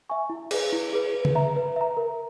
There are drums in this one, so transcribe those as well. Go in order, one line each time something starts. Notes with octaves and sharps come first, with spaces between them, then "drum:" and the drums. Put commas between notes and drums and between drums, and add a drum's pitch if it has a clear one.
E5 G#5 C#6
E4
G#4 B4, drum: cymbal
E4
G#4 B4
B4
drum: tom C#3
E5 A#5
B4
E5 A#5
A#4